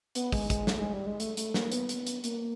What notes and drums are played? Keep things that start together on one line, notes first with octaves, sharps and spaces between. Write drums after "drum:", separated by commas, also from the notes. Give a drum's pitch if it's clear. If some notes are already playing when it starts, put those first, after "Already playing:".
B3, drum: hi-hat
G#3, drum: kick, open hi-hat
G#3, drum: kick, hi-hat
A3, drum: snare
G#3
G3
G#3
A3, drum: hi-hat
A3, drum: hi-hat
A#3, drum: snare
B3, drum: hi-hat
drum: hi-hat
drum: hi-hat
A#3, drum: hi-hat